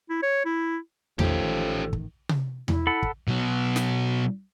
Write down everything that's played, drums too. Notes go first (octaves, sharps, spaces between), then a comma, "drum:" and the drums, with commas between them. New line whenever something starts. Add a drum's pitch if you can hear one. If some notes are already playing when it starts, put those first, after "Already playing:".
E4
C#5
E4
A1 A2 D#3 F3 C#4 G4 A4, drum: tom E2
drum: kick
drum: tom C3
E4, drum: tom E2
A4 F#5 B5
drum: kick
B2 F#3
drum: snare